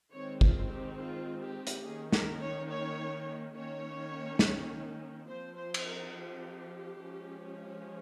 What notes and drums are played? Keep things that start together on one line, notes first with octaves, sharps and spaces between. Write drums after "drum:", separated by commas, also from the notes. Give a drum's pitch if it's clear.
D#3 G#3 C4 C#5
F4, drum: kick G1
G4
F4
G4
drum: hi-hat
D#3 A#3 C#4 G#4
A#4, drum: snare
C#5
C#5
D#3 A#3 C#4 C#5
drum: snare
F3 C4 C5
C5
drum: cymbal
A#4
G4
F3 G#3 C#4